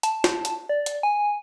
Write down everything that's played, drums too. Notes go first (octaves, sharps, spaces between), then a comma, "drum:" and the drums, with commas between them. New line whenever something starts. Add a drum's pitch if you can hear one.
A5, drum: hi-hat
drum: snare
drum: hi-hat
D5
drum: hi-hat
G#5